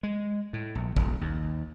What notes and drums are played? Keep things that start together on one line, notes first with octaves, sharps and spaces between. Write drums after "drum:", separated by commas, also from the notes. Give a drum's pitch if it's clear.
G#3
A2
A#1
D#1, drum: kick A1
D#2